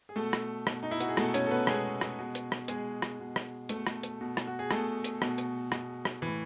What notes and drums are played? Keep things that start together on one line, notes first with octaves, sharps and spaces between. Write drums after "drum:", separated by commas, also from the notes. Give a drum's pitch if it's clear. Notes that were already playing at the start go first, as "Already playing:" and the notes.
G#4
B2 A3 A4
drum: rim click
B2, drum: rim click
D#4
E4
F#4, drum: hi-hat
G#4
B2 A3 A4, drum: rim click
C#4 C#5, drum: hi-hat
A4
B3 B4
B2 G#3 G#4, drum: rim click
drum: rim click
B2
drum: hi-hat
drum: rim click
B2 G#3 G#4, drum: hi-hat
drum: rim click
B2
drum: rim click
B2 A3 A4, drum: hi-hat
drum: rim click
drum: hi-hat
B2
drum: rim click
F#4
G#4
B2 A3 A4, drum: rim click
drum: hi-hat
B2, drum: rim click
drum: hi-hat
B2, drum: rim click
drum: rim click
A2 E3